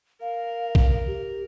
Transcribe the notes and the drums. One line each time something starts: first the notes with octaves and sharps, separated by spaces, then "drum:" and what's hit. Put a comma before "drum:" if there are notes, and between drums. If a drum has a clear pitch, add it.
A#4 F5
drum: kick
G4